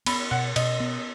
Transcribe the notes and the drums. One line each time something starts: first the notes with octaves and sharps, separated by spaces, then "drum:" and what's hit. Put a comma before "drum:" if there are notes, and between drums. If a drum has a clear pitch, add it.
B3 B5, drum: cymbal
B2 F#5
B2 D#5, drum: cymbal
B3